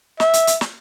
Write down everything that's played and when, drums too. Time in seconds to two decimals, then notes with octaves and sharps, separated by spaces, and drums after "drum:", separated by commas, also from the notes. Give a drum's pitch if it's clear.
0.20 E5, drum: snare
0.33 drum: hi-hat
0.47 drum: hi-hat
0.61 drum: snare